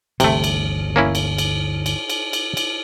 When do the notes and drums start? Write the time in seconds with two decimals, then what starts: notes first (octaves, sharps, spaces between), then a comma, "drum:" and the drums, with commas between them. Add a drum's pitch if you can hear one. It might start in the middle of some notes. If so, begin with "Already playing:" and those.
0.20 G1 D2 C3 E3 A3, drum: cymbal
0.44 drum: cymbal
0.96 A#3 C#4 E4
1.15 drum: cymbal
1.38 drum: cymbal
1.86 drum: cymbal
2.10 drum: cymbal
2.33 drum: cymbal
2.57 drum: cymbal